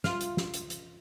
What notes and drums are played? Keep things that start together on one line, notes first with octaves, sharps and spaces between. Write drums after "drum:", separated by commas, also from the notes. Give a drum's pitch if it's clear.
F4, drum: snare
drum: hi-hat
drum: snare
drum: hi-hat
drum: hi-hat